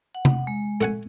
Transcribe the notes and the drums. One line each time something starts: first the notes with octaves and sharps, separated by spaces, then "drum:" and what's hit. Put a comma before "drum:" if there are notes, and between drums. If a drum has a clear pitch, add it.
F#5
drum: tom C3
G#3
A3 F#5 G#5